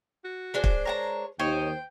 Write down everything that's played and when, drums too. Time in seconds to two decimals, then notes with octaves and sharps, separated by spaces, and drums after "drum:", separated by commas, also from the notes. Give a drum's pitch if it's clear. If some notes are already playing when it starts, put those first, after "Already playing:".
0.24 F#4
0.54 G#3 D4 C5
0.64 drum: kick
0.85 A#4 C#5 A5 A#5
1.39 D#2 C5 C#5 D#5 G5